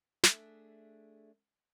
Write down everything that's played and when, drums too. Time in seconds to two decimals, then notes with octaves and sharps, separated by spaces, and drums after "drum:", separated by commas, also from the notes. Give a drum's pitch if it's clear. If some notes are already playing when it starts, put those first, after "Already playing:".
0.23 A3 D4 G#4 E5, drum: snare